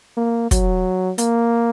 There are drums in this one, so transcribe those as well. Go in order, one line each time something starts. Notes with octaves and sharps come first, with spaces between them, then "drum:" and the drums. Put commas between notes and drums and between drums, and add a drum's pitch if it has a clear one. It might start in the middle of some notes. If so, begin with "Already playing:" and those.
A#3
F#3, drum: kick, hi-hat
A#3, drum: hi-hat